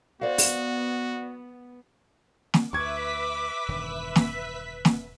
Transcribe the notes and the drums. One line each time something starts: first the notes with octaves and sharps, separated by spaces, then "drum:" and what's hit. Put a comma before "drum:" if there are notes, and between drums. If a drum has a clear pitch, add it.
B3 F#4 C5 D5 F5
drum: open hi-hat
drum: snare
D2 B4 E5 C#6 D6 G#6 B6
E1 G2 D#3
drum: snare
drum: snare